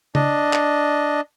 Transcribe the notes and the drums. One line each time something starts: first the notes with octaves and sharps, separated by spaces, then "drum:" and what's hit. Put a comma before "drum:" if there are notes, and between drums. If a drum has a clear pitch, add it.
D4 D#5, drum: tom C#3
drum: clap